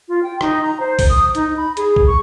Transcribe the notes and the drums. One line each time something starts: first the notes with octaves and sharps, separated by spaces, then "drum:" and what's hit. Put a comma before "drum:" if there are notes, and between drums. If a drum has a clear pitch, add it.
F4
G5
D#4, drum: rim click
A#5
C5
drum: kick B1, open hi-hat
D#6
D#4, drum: hi-hat
B5
G#4, drum: hi-hat
drum: kick B1
C#6